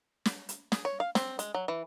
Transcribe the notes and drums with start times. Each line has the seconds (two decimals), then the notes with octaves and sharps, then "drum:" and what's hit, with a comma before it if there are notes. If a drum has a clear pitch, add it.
0.25 drum: snare
0.49 drum: hi-hat
0.72 G#4, drum: snare
0.85 C#5
1.00 F5
1.15 C4, drum: snare
1.39 G#3, drum: hi-hat
1.54 F#3
1.68 E3